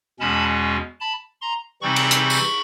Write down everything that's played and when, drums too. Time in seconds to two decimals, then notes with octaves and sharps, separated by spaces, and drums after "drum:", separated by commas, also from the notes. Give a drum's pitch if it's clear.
0.20 E2 B2 G#3 C#4 A5 B5
1.00 A5 B5
1.41 A#5 C6
1.81 C3 E3 G3 C4 D#4 B5 C#6
1.96 drum: cymbal
2.11 drum: hi-hat
2.30 drum: tambourine